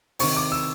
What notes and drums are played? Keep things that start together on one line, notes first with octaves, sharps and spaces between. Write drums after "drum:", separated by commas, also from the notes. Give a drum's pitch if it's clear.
C3 D#3 C#6, drum: open hi-hat
D6
E6